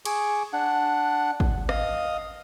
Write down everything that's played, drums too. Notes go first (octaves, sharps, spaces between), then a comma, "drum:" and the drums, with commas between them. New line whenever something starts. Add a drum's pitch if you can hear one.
G#4 C#6 D6, drum: cymbal
D4 F#5
drum: kick
D#5 F5 D#6, drum: rim click